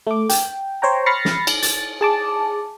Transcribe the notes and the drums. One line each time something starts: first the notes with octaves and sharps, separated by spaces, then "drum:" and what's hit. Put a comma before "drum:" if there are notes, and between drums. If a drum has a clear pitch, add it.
A3 D6
G5, drum: hi-hat
C5 C#5 G5 A#5
B5 F6 A6 A#6 C7 C#7
drum: snare
drum: cymbal
A6, drum: hi-hat
G#4 A5 D6